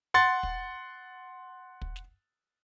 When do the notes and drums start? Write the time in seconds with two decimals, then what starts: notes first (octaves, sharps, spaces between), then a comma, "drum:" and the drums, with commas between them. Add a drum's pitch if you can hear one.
0.14 F#5 C6 A6
0.43 drum: kick
1.81 drum: kick
1.96 drum: snare